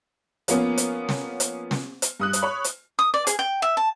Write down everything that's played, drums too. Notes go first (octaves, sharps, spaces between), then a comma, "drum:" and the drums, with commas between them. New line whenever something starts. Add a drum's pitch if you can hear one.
F3 A#3 B3 C#4, drum: hi-hat
drum: hi-hat
drum: snare
drum: hi-hat
drum: snare
drum: hi-hat
G2 D#6 F#6
drum: hi-hat
C#5 B5
drum: hi-hat
D#6
D5
G#4, drum: hi-hat
G5
E5
A5